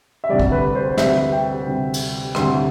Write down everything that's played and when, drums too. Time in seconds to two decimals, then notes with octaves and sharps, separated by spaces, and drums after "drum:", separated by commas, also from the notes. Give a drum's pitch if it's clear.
0.24 E5
0.29 D2 C3 G3 D5
0.40 drum: kick
0.52 B4
0.75 C5
0.97 D2 C3 G3 E5, drum: snare
1.32 G5
1.67 D2 C3 G3
1.94 drum: cymbal
2.35 D2 C3 G3 C6, drum: rim click